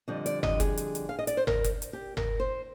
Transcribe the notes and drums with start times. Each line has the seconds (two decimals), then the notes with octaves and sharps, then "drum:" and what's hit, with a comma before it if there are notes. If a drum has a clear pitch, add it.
0.08 F2 D3 G3 D#5
0.26 D5, drum: hi-hat
0.43 D#5, drum: tom G1
0.60 G#4, drum: kick F#1, hi-hat
0.77 drum: hi-hat
0.95 drum: hi-hat
1.09 F5
1.19 D#5
1.27 D5, drum: hi-hat
1.37 C5
1.47 A#4, drum: tom G1
1.64 drum: kick F#1, hi-hat
1.82 drum: hi-hat
1.93 G4
2.17 A#4, drum: tom G1
2.40 C5